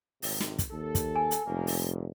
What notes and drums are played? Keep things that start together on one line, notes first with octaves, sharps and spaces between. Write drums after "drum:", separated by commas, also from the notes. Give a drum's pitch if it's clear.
G#1 D2 C3, drum: open hi-hat
drum: snare
drum: kick, hi-hat
D#2 A4
drum: kick, hi-hat
G#5
drum: hi-hat
F1 D#3 A#3 A#4
drum: open hi-hat
A#2